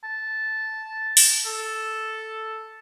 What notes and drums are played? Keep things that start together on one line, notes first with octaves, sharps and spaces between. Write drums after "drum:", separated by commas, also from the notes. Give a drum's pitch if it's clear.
A5
drum: open hi-hat
A4